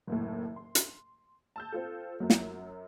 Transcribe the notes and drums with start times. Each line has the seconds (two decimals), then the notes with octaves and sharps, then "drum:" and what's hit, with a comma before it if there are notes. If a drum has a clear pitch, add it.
0.07 F#1 D#2 A2
0.56 C6
0.75 drum: hi-hat
1.56 A5 E6 G6
1.73 C4 F4 A4
2.20 F#2 F#3
2.30 drum: snare